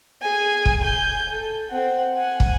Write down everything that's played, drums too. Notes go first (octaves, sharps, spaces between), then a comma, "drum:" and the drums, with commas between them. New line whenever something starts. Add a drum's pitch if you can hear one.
G#4 G#5
drum: kick
G#5 G6
A4
C4 F#5
F#5 G#5
drum: kick